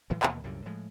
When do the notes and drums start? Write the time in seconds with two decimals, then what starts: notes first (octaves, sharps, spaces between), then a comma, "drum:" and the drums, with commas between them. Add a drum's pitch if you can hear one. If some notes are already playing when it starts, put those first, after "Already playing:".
0.10 A2 E3 F#3 G#3
0.23 D#2 B2 E3 A#3, drum: clap
0.44 C2 F#2 A#2 D3
0.66 A2 F3 G#3